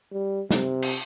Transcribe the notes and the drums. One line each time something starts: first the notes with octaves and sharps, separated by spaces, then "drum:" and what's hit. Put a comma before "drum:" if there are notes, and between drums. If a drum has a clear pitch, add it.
G3
C3, drum: snare
drum: cymbal